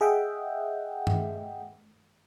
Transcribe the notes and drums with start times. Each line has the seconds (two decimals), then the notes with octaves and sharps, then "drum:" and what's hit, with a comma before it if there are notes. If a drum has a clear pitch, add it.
0.01 G#4 D#5 E5 F#5 G5
1.07 drum: tom G2